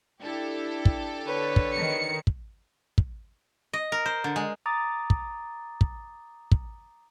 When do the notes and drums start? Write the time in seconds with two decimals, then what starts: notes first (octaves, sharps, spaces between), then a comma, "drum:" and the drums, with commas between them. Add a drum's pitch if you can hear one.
0.21 D4 E4 G4 A4
0.85 drum: kick
1.27 D3 B4 C#5
1.56 drum: kick
1.74 D#3 C#7
2.27 drum: kick
2.98 drum: kick
3.73 D#5
3.92 A#4
4.06 C5
4.24 D3
4.36 G#3
4.66 A#5 D6 D#6 A6
5.10 drum: kick
5.81 drum: kick
6.52 drum: kick